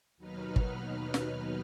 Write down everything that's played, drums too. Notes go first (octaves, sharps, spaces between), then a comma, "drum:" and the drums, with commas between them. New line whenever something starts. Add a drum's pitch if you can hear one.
D#2 B2 F#3 D#4 B4 F6
drum: kick
drum: snare